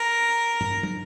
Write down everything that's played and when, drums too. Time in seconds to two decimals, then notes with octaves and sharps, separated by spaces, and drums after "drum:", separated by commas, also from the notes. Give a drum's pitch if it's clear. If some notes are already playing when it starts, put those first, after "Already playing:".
Already playing: A#4
0.61 drum: tom
0.83 drum: tom